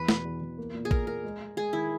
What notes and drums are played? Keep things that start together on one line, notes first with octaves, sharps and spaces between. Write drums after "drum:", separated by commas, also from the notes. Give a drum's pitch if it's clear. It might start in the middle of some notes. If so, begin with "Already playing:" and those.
Already playing: E2 B4
B2, drum: snare
E2
E2
A#3
A#2
G#4
A#3 A#4, drum: kick A1
A#3 A#4
G#3
G#3
G#3 G#4
D#3 E4